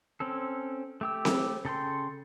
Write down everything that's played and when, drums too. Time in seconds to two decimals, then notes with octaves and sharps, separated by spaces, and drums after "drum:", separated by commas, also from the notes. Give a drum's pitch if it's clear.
0.20 C4 C#4 A4
1.01 A3 G4 E6
1.25 drum: snare C4
1.65 C#3 A4 G5 C6